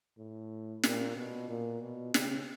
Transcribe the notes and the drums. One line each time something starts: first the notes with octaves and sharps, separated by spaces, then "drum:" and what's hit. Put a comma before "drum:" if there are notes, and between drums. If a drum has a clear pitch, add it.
A2
A#2, drum: snare
B2
A#2
B2
C#3, drum: snare